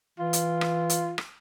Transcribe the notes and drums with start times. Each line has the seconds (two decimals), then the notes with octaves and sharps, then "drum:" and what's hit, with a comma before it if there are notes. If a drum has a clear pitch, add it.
0.19 E3 F4
0.33 drum: hi-hat
0.61 drum: rim click
0.90 drum: hi-hat
1.18 drum: rim click